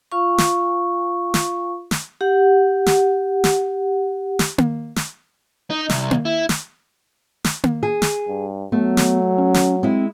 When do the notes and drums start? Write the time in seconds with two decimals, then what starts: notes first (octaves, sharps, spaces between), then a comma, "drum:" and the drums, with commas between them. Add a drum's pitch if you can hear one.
0.12 F4 F5 C#6
0.38 drum: snare
1.34 drum: snare
1.91 drum: snare
2.21 G4 F#5
2.86 drum: snare
3.44 drum: snare
4.39 drum: snare
4.58 drum: tom A#3
4.96 drum: snare
5.70 D#4
5.89 C2, drum: snare
6.11 drum: tom A#3
6.25 E4
6.49 drum: snare
7.44 drum: snare
7.64 drum: tom A#3
7.83 G#4
8.02 drum: snare
8.28 G2
8.72 F#3 A3 B3
8.97 drum: snare
9.38 C#4
9.54 drum: snare
9.83 G#3 C4 E4